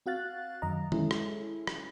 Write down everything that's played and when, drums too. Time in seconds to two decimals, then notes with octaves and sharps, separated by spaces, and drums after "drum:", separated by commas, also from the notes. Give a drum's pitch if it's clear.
0.06 C4 F#4 F5 F#6 A6
0.62 F#2 D#3 D#5 A#5
0.92 G#3 C#4 E4 G#4 A4, drum: tom
1.11 drum: rim click
1.67 drum: rim click